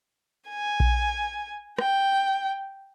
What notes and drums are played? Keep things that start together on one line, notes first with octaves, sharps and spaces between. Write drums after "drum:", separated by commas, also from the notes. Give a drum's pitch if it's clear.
G#5
drum: kick A#1
G5, drum: rim click